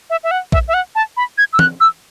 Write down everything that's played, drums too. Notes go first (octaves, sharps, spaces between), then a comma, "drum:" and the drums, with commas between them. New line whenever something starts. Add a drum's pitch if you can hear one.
E5
E5
F#5
E5, drum: kick
E5
F#5
A5
B5
G#6
E6
F#6, drum: tom
E6